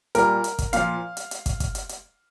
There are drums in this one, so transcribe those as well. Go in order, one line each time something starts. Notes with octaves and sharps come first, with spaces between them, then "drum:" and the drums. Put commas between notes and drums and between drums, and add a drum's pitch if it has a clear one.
A#2 G3 A#4, drum: hi-hat
drum: hi-hat
drum: kick, hi-hat
A#2 F3 F5, drum: hi-hat
drum: hi-hat
drum: hi-hat
drum: kick, hi-hat
drum: kick, hi-hat
drum: hi-hat
drum: hi-hat